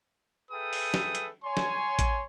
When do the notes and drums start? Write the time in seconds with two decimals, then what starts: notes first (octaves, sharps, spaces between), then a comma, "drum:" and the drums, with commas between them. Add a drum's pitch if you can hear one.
0.52 G#4 A4 B4 E5 G5 D#6
0.73 drum: open hi-hat
0.94 drum: snare
1.15 drum: hi-hat
1.44 C#5 G#5 C6
1.57 drum: snare
1.99 drum: kick A1, hi-hat